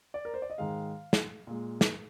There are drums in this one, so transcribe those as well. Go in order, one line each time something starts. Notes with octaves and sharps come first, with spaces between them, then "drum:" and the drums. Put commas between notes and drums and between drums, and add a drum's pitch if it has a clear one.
D5
A#4
C5
D5
D#5
G#2 D#3 G#3 F5
drum: snare
A#2 G#3
drum: snare